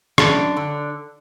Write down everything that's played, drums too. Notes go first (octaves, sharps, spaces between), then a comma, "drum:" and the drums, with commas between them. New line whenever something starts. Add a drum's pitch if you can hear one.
F#2 D4, drum: rim click
D3